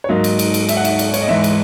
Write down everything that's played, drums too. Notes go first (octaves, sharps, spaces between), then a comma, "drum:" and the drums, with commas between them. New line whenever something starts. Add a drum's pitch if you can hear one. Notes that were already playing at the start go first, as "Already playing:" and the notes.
C#5
G#2 F#3 A#3 D#4 D#5
drum: cymbal
drum: cymbal
drum: cymbal
E5, drum: cymbal
F#5
E5, drum: cymbal
drum: cymbal
C#5, drum: cymbal
D#5
G#2 E3 G#3 E5
drum: cymbal